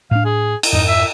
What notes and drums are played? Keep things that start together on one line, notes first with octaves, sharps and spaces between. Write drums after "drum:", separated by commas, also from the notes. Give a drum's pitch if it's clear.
A2 D4 F5
G#4
drum: cymbal
F2 G#2 D#4
E5